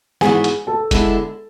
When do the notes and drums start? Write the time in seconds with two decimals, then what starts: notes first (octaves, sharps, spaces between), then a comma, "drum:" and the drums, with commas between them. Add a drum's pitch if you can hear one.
0.21 G#2 E3 B3 F#4 G#4 G#5, drum: snare
0.44 drum: hi-hat
0.67 A4 A5
0.91 D3 G#3 B3 E4, drum: kick, hi-hat